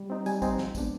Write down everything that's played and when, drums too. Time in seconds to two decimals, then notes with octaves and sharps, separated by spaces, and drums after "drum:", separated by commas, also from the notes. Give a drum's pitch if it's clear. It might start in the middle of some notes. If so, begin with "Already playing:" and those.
Already playing: G3
0.10 C4 D#4
0.26 G3 G#5, drum: tambourine
0.42 C4 D#4, drum: kick, tambourine
0.58 F3, drum: snare
0.75 G#3 B3 D4, drum: kick, tambourine